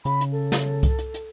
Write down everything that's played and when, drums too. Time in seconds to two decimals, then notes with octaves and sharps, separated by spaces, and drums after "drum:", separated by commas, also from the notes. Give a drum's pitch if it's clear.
0.05 C#3 B5, drum: hi-hat
0.21 drum: hi-hat
0.32 A4
0.52 drum: snare
0.83 drum: kick C2, hi-hat
0.99 drum: hi-hat
1.14 drum: hi-hat